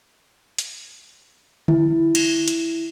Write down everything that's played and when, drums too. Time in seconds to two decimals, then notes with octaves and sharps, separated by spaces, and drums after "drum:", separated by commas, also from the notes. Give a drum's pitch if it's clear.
0.58 drum: hi-hat
1.68 E4, drum: tom D3
2.15 drum: cymbal
2.48 drum: hi-hat